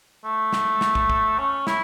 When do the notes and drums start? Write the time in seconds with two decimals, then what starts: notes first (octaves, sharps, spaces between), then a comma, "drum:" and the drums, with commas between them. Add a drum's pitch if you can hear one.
0.24 A3
0.53 drum: snare
0.81 drum: snare
0.95 drum: kick
1.10 drum: kick
1.38 C#4
1.67 E4, drum: snare